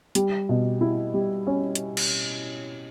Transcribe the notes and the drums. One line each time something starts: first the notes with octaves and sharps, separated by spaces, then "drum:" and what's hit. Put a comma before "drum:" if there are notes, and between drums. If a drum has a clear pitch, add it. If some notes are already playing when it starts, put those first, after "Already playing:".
G3, drum: hi-hat
B2
E4
G3
C#4
drum: hi-hat
drum: cymbal